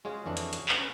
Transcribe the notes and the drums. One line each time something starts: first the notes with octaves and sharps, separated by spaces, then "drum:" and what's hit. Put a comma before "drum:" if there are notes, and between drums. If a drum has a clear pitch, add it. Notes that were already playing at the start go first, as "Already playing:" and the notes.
G#3 C#4 F4 F#4 G#4 C#5
F2 E3 D4
drum: hi-hat
drum: hi-hat
drum: clap
C#4 B4